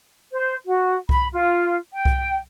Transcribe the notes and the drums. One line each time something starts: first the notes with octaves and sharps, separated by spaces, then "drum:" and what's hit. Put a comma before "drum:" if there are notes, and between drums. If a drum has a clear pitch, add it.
C5
F#4
B5, drum: kick C2
F4
G5
drum: kick C2